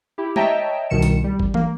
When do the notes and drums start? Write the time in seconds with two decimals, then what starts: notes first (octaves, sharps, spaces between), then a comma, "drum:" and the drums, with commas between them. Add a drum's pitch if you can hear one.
0.18 E4 G4
0.36 C#5 D#5 E5 G5 A5 A#5, drum: tom G#3
0.90 C2 B2 D#3 C#7 E7
1.02 drum: hi-hat
1.24 G3
1.39 drum: kick
1.54 A#3, drum: tom E3